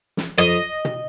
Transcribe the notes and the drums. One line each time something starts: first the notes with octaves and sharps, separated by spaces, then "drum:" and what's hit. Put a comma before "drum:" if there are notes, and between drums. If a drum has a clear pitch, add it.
drum: snare
F2 D#5
drum: tom